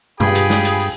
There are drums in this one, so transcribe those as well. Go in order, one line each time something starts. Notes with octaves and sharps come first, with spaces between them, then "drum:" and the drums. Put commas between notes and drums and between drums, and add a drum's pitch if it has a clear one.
G2 F4 G4 G#4 G5 B5 D#6, drum: tom
drum: hi-hat
drum: snare
drum: hi-hat
drum: open hi-hat